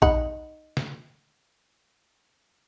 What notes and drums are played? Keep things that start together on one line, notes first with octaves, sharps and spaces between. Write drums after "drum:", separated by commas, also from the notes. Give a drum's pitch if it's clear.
D#4 F#5 B5, drum: kick A#1
drum: snare